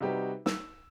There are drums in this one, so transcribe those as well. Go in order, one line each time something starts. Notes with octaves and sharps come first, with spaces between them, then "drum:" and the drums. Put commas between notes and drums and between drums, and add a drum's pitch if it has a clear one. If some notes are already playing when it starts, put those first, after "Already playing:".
C3 G3 D#4 F#4 G4 B4
E6, drum: snare